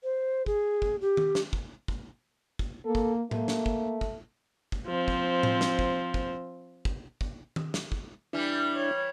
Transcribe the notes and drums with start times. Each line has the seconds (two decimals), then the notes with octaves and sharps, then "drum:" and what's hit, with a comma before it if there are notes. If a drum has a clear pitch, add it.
0.03 C5
0.46 G#4, drum: kick
0.82 drum: kick
1.01 G4
1.17 drum: tom D#3
1.35 drum: snare
1.53 drum: kick
1.88 drum: kick
2.59 drum: kick
2.85 A#3 A4
2.95 drum: kick
3.31 A3 A#3, drum: tom A2
3.48 drum: snare
3.66 drum: kick
4.01 drum: kick
4.72 drum: kick
4.87 F3 C4
5.08 drum: kick
5.43 drum: tom A2
5.61 drum: snare
5.79 drum: kick
6.14 drum: kick
6.85 drum: kick
7.21 drum: kick
7.56 drum: tom D#3
7.74 drum: snare
7.92 drum: kick
8.33 E3 G3 D4 E4
8.76 C#5